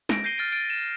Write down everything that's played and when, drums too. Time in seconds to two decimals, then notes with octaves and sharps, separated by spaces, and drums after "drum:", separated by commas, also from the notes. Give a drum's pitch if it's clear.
0.09 A#6 D7, drum: snare
0.24 G6 A#6 C7 D#7 G7
0.38 F6 A6 C7 D7
0.52 A6 D7 D#7
0.70 E7